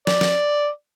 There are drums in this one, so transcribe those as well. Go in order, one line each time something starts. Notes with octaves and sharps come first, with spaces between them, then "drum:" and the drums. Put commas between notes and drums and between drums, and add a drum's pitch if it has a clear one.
D5, drum: snare
drum: snare